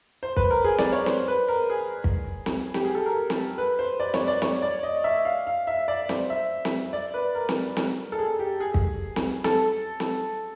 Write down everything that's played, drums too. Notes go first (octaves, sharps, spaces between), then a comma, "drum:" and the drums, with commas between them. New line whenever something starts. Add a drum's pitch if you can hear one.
C5
B4, drum: kick
A#4
G#4
D5, drum: snare
C#5
C5, drum: snare
B4
A#4
G#4
drum: kick
drum: snare
G4, drum: snare
G#4
A4
A#4
drum: snare
B4
C5
D5
C#5, drum: snare
D5
C#5, drum: snare
D5
D#5
E5
F5
F5
E5
D5
C5, drum: snare
E5
drum: snare
D5
B4
A#4
drum: snare
drum: snare
A4
G#4
G4
G#4
drum: kick
drum: snare
A4, drum: snare
drum: snare